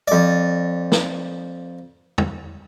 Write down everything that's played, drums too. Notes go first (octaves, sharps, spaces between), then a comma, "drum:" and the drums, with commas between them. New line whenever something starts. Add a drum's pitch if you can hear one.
F2 D5
drum: snare
drum: tom